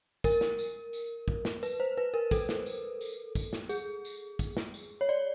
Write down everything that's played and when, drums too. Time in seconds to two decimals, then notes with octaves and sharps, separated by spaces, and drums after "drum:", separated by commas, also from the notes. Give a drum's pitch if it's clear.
0.24 A#4, drum: kick, tambourine
0.41 drum: snare
0.58 drum: tambourine
0.93 drum: tambourine
1.28 drum: kick
1.45 drum: snare
1.63 B4, drum: tambourine
1.80 C5
1.98 B4
2.14 A#4
2.31 A4, drum: kick, tambourine
2.49 drum: snare
2.66 drum: tambourine
3.01 drum: tambourine
3.35 drum: kick, tambourine
3.53 drum: snare
3.69 G#4, drum: tambourine
4.05 drum: tambourine
4.39 drum: kick, tambourine
4.57 drum: snare
4.74 drum: tambourine
5.01 C#5
5.09 D5